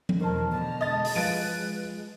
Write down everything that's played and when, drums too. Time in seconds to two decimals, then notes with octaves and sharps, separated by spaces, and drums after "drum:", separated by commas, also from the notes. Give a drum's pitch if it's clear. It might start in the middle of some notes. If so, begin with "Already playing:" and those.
0.09 drum: tom F3
0.20 E2 B2 D#3 A#4 C5 A5
0.52 B2 D3 A5 A#5 F6
0.81 G#3 D#5 A6
1.05 drum: open hi-hat
1.15 F3 G#4 B4 A6 D7 D#7